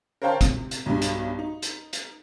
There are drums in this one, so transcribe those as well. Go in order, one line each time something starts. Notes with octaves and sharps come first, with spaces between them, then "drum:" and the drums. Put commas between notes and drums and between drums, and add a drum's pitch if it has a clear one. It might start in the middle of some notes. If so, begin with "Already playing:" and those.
A#4 C5 C#5 F5 G5 A5
C3, drum: kick G1, hi-hat
drum: hi-hat
B1 G2
drum: hi-hat
D#4
drum: hi-hat
drum: hi-hat